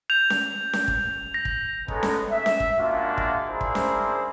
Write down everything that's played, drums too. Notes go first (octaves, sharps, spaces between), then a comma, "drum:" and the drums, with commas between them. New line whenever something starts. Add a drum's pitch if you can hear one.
G6 F7
drum: snare C#4
drum: snare C#4
drum: kick
A#6
drum: kick
G#3 B3 C#4 D#4 A4, drum: kick
drum: snare C#4
E5
drum: snare C#4
drum: kick
G#3 A#3 D4 F4 F#4 E5
drum: kick
D4 E4 G#4 A#4 C5
drum: kick
drum: snare C#4